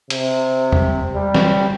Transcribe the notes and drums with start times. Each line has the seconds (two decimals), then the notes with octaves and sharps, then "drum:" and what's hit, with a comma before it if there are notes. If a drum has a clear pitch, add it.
0.10 C3, drum: hi-hat
0.72 drum: tom E2
1.14 G3
1.35 drum: snare